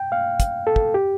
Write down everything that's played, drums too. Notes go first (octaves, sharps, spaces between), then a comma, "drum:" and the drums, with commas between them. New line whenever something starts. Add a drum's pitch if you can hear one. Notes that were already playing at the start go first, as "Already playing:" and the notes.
Already playing: G5
F5
drum: kick, hi-hat
A4
drum: kick
G4